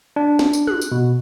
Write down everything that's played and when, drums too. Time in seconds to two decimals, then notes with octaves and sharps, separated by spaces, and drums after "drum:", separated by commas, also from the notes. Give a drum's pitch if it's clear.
0.16 D4
0.39 drum: snare
0.53 drum: tambourine
0.67 F#6, drum: tom
0.82 drum: tambourine
0.92 B2